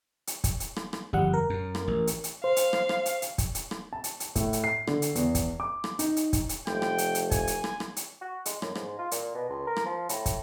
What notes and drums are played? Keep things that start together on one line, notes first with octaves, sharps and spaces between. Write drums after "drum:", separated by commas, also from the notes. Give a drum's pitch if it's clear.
drum: hi-hat
drum: kick, hi-hat
drum: hi-hat
drum: rim click
drum: rim click
G1 F2 G3 F#5
A#4
F#2
drum: rim click
A1
drum: hi-hat
drum: hi-hat
C5 F5
drum: hi-hat
drum: rim click
drum: rim click
drum: hi-hat
drum: hi-hat
drum: kick, hi-hat
drum: hi-hat
drum: rim click
A5
drum: hi-hat
drum: hi-hat
A2, drum: kick, hi-hat
drum: hi-hat
C7
D3, drum: rim click
drum: hi-hat
E2, drum: hi-hat
drum: kick, hi-hat
D6
drum: rim click
D#4, drum: hi-hat
drum: hi-hat
drum: kick, hi-hat
drum: hi-hat
F1 G5, drum: rim click
drum: rim click
drum: hi-hat
drum: hi-hat
G#5, drum: kick, hi-hat
drum: hi-hat
drum: rim click
drum: rim click
drum: hi-hat
F#4
G#3, drum: hi-hat
F#2, drum: rim click
G#2, drum: rim click
F4
A#2, drum: hi-hat
B2
C#2
A#4
drum: rim click
F3
A2, drum: hi-hat
drum: kick, hi-hat